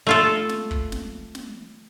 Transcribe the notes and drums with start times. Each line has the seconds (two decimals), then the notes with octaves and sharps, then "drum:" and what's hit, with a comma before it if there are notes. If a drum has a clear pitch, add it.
0.07 A3 F4 A4
0.49 drum: snare
0.71 drum: kick
0.92 drum: snare
1.35 drum: snare